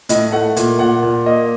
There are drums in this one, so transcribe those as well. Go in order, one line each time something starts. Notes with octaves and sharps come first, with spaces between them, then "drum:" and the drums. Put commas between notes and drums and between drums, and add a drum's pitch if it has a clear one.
A2 D#5, drum: hi-hat
A3 F#5
A#2, drum: hi-hat
A#2 F#5
A#2
A#3 D#5